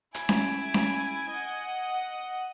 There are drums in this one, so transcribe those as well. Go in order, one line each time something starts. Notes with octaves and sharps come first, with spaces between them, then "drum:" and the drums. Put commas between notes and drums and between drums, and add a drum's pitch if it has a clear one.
E4 G#5 D7, drum: hi-hat
drum: snare C#4
drum: snare C#4
D#5 F#5